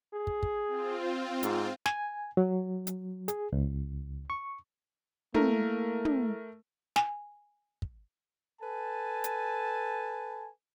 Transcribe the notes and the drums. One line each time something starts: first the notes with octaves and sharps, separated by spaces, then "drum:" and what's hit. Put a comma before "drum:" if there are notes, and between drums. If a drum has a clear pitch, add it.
G#4
drum: kick
drum: kick
C4 F4
G#2, drum: hi-hat
G#5, drum: snare
F#3
drum: hi-hat
G#4, drum: hi-hat
C#2
C#6
A3 A#3 E4 A4 A#4 A#5, drum: tom
drum: tom
G#5, drum: snare
drum: kick
A4 B4 G#5 A5
drum: hi-hat